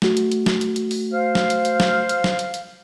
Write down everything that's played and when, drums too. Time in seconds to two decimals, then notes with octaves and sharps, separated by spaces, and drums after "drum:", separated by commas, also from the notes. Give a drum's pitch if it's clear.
0.02 A3 F#4, drum: snare
0.17 drum: hi-hat
0.32 drum: hi-hat
0.46 drum: snare
0.61 drum: hi-hat
0.76 drum: hi-hat
0.91 drum: open hi-hat
1.13 C5 F5
1.35 drum: snare
1.50 drum: hi-hat
1.65 drum: hi-hat
1.80 drum: snare
2.09 drum: hi-hat
2.24 drum: snare
2.39 drum: hi-hat
2.54 drum: hi-hat